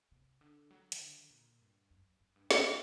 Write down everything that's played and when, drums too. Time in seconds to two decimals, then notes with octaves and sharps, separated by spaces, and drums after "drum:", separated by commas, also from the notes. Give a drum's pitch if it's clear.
0.12 C3
0.41 D3
0.71 F#3
0.92 D#3, drum: hi-hat
1.01 D3
1.30 A#2
1.61 G2
1.91 F#2
2.20 F#2
2.36 G2
2.51 F#2, drum: snare